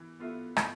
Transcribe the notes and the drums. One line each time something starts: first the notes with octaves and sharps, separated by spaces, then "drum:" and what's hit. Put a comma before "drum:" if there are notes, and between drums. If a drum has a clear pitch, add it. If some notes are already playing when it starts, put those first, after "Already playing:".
Already playing: E3 B3
B3 F4 A4 E5
drum: rim click